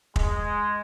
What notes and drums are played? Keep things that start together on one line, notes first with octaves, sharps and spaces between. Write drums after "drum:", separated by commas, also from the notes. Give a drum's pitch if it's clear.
G#3, drum: kick